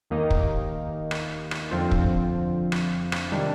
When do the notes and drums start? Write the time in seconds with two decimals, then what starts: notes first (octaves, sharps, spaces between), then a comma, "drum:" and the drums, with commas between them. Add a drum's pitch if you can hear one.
0.10 D#2 D#3 A#3 D#4
0.31 drum: kick
1.11 drum: rim click
1.51 drum: rim click
1.71 F2 D3 F3 C4 F4
1.91 drum: kick
2.72 drum: rim click
3.12 drum: rim click
3.32 C3 D#3 G3 D4